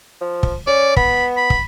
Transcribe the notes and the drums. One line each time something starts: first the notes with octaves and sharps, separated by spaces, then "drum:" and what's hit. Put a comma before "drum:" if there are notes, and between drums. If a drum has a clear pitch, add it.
F3
drum: kick
C#4 D5
B3 B5, drum: kick
B5
drum: kick